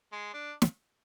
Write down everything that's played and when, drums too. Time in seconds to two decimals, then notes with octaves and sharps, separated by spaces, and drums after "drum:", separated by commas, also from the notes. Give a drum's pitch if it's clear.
0.12 G#3
0.34 D4
0.62 drum: snare